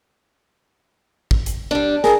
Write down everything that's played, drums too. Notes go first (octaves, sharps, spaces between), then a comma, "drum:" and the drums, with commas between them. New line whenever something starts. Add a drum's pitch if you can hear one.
drum: kick
drum: hi-hat
G3 D4
G#4 A#4, drum: snare